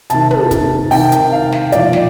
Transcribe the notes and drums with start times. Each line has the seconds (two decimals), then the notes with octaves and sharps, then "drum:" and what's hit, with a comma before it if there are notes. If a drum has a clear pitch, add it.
0.10 C3 D#3 A5, drum: hi-hat
0.31 drum: tom
0.51 drum: kick, hi-hat
0.91 C3 D#3 G5, drum: open hi-hat
1.12 drum: hi-hat
1.32 F5
1.53 drum: snare
1.72 A#2 F3 D5, drum: hi-hat
1.93 drum: snare